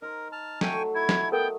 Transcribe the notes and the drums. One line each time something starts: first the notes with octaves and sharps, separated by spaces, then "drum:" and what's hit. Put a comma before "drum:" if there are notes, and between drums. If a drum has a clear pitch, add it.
D#4 A#4 C5
A5 F6
F#3 A3 G5 G#5 C#6, drum: snare
E4 G#6
drum: snare
B3 A4 A#4 G5